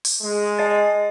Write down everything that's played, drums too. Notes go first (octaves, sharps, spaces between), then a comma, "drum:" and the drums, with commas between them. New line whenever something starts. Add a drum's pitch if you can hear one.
drum: open hi-hat
G#3
D#5 A6